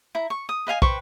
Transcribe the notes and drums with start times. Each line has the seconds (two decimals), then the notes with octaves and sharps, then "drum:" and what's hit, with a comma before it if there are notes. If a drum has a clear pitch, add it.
0.15 E4 A#5
0.30 C#6
0.49 D#6
0.67 B4 D#5 F5 G#5
0.82 B4 C5 G5 C#6, drum: kick